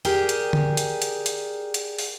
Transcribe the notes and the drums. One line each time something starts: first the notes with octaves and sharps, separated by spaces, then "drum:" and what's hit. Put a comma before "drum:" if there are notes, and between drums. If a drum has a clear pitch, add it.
G4 G#4 A#4 D5, drum: open hi-hat
drum: hi-hat
drum: tom D3
drum: hi-hat
drum: hi-hat
drum: hi-hat
drum: hi-hat
drum: open hi-hat